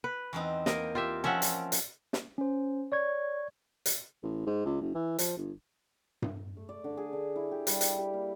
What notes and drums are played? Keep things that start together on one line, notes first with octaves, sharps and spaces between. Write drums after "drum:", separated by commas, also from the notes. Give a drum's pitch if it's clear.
B4
E2 C4 D#4
A#3 A#4 D#5 G5, drum: snare
F4 G4 E5
F3 C4 C#4 E5 F#5
drum: hi-hat
drum: hi-hat
drum: snare
C#4 C5
C#5 D5 C#6 G#6
drum: hi-hat
A1
G#2
C#2
F#1
E3
F3, drum: hi-hat
G1
drum: tom G2
A3
D5
D3
G#4
D3
E4
G4
G3, drum: hi-hat
D5, drum: hi-hat
G4
A#3